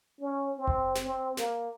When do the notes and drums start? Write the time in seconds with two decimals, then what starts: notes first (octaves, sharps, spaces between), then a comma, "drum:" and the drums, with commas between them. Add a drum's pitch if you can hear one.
0.20 C#4
0.58 C4
0.67 drum: kick F#1
0.95 drum: snare
1.04 C4
1.37 A#3, drum: snare